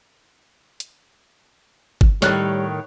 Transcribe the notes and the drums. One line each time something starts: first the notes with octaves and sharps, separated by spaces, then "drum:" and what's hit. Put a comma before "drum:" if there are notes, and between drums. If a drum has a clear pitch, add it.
drum: hi-hat
drum: kick G1
A2 D#3 G3 C#5 F#6, drum: snare